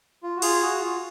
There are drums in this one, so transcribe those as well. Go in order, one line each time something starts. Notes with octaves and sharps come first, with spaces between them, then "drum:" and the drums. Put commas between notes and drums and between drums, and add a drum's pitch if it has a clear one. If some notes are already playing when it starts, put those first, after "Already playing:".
F4
F#4
F4 G#4, drum: cymbal
F#4
F4